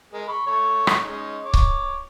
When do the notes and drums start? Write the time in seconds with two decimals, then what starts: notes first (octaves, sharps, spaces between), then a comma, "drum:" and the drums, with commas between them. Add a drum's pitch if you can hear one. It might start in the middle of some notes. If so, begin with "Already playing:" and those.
0.13 G#3 A#4
0.28 B5 C#6
0.46 A3 C#5 C#6
0.87 drum: rim click
1.04 G#3 C#4 D#4
1.44 C#5 D6
1.54 drum: kick C#1